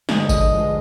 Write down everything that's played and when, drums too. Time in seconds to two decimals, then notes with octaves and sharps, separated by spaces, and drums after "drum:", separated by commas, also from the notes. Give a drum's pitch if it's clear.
0.09 G2 D3 F3 G#3 D#5, drum: snare
0.29 D#5, drum: kick G#1, tambourine
0.50 G2 D3 F3 G#3